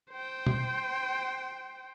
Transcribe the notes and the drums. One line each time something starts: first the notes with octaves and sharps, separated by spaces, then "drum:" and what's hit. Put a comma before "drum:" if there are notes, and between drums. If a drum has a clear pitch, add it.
C5 G5
drum: tom B2